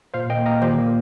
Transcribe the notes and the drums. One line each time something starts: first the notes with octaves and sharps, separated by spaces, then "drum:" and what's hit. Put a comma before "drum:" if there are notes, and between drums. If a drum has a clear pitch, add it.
A#2 C5 F5
A#3 D#5 G5
A#3 A#4 D#5
A#2 G4 C5, drum: tom D3
A#3